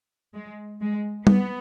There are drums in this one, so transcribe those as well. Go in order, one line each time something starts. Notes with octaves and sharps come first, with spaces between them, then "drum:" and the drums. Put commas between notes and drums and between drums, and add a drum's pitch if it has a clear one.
G#3
G#3
B3, drum: tom G3